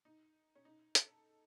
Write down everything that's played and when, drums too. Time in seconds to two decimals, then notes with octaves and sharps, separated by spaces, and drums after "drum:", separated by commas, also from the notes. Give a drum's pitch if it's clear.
0.05 D#4
0.55 C#4
0.65 D#4
0.95 A4, drum: hi-hat